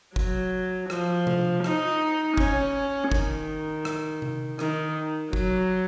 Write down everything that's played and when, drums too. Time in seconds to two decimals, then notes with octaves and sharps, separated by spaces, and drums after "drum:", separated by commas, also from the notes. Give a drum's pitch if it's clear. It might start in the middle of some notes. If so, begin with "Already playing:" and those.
0.16 F#3, drum: kick
0.90 F3, drum: rim click
1.27 drum: tom C3
1.64 D#4, drum: rim click
2.37 C#4, drum: kick
3.11 D#3, drum: kick
3.85 drum: rim click
4.22 drum: tom C3
4.59 D#3, drum: rim click
5.33 F#3, drum: kick